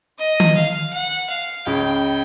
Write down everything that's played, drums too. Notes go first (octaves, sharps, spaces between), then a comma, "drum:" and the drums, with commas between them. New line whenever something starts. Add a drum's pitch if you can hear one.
D#5
drum: tom D#3
F5
F#5
F5
C#2 C#3 G5